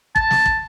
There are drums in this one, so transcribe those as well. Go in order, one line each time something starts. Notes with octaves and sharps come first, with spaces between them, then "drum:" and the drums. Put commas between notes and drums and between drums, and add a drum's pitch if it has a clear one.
A5, drum: kick
drum: snare
drum: kick